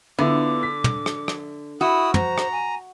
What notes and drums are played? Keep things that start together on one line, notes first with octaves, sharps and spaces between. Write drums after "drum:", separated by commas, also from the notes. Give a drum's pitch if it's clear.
D3 B3 E4 F4 D6
B6
drum: tom
drum: rim click
drum: rim click
E4 F#4 B5 D#6 E6
C5 A#5, drum: tom
drum: rim click
G#5